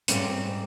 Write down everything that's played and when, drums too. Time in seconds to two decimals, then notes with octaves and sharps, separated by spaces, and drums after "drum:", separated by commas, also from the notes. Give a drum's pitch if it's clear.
0.08 G#2 G3 C4 C#4, drum: hi-hat
0.30 C4